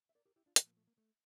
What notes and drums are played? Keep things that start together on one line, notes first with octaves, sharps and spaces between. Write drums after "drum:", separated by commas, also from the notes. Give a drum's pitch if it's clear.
E5
A#4 D5
G4 A#4
E4 G4
D4 F4
A#2 F3 A#3, drum: hi-hat
A#3
A3
A#3
A3